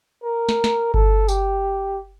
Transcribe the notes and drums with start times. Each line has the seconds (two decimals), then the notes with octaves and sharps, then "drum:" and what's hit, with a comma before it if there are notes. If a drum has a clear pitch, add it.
0.24 A#4
0.49 drum: snare
0.64 drum: snare
0.94 A4, drum: kick G1
1.28 G4, drum: tambourine